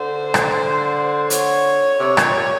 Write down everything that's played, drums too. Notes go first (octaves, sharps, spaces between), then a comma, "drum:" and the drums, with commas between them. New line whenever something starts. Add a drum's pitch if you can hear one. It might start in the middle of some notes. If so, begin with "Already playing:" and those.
Already playing: D3 C5
drum: rim click
C#5, drum: hi-hat
C3 C#5
A#2, drum: rim click
A#2